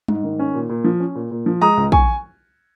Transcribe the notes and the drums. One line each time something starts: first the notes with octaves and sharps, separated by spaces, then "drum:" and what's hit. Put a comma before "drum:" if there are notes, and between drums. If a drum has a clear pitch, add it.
G#2, drum: tom G3
D#3
C#4
A#2
A#2
F3
C#4
A#2
A#2
F3
G#3 A#5 D#6
C#2
G#5 C#6, drum: kick